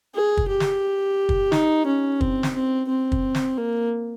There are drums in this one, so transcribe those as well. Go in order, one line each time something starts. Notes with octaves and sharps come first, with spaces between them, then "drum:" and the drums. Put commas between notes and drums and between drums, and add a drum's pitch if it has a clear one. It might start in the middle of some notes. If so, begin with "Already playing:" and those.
G#4
drum: kick
G4
drum: snare
drum: kick
D#4, drum: snare
C#4
C4, drum: kick
drum: snare
C4
C4
drum: kick
drum: snare
A#3